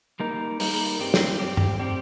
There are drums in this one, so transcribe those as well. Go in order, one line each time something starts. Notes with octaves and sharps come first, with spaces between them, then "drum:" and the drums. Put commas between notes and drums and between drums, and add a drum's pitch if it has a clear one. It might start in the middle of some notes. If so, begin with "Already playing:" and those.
G3 A#3 D#4 A#4
G3 A#3 D#4 A#4, drum: open hi-hat
G2 G3 C4 G4
drum: snare
G2 G3 C4 G4
drum: tom G2
G3 C4 G4